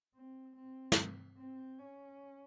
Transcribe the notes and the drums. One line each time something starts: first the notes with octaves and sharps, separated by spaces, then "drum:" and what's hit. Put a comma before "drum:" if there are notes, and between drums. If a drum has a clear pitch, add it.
C4
C4
drum: snare
C4
C#4